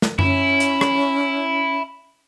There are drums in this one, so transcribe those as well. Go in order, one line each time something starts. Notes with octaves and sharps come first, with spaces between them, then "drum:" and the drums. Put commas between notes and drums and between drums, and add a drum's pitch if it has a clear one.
drum: snare
C#4 E4, drum: tom F#2
drum: hi-hat
drum: rim click